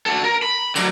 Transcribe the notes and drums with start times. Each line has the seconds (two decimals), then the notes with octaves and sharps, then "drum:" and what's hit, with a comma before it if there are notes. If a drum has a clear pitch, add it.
0.06 F#4 A4
0.24 A#4
0.43 B5
0.75 D3 F#3, drum: cymbal